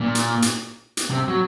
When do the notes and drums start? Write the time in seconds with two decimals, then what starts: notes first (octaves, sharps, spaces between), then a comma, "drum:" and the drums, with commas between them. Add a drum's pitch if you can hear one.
0.01 A#2
0.15 drum: hi-hat
0.42 drum: hi-hat
0.97 drum: hi-hat
1.10 C3
1.28 F#3